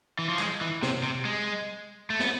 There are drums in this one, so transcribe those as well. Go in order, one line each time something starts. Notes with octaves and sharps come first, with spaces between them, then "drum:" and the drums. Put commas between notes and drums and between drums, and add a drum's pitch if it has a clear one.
E3
F3
G#3, drum: clap
E3
C3, drum: snare
C3
G#3
A3
B3, drum: snare